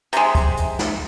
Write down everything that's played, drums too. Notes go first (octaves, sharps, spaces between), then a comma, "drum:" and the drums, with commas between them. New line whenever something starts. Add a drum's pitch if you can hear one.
C3 G#3, drum: hi-hat
drum: kick, hi-hat
drum: hi-hat
drum: snare